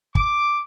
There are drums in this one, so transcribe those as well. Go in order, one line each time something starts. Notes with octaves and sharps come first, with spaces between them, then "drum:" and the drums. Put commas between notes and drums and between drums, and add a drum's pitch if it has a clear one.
D6, drum: kick